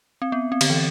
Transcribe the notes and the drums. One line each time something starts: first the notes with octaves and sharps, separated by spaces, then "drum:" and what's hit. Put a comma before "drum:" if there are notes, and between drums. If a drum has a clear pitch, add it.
C4
B3
C4
D3, drum: cymbal
E3